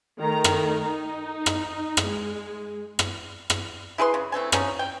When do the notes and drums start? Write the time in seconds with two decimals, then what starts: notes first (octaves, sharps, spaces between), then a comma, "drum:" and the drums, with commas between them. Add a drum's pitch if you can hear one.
0.19 D#3 A3 A#5
0.44 drum: rim click
0.87 D#4
1.46 drum: rim click
1.97 drum: rim click
2.07 G#3
2.99 drum: rim click
3.50 drum: rim click
3.98 E4 G#4 B4 C6
4.14 C#3
4.32 E3 A3 C4 G#5
4.52 F3 F#3 C#4 D#4, drum: rim click
4.79 G5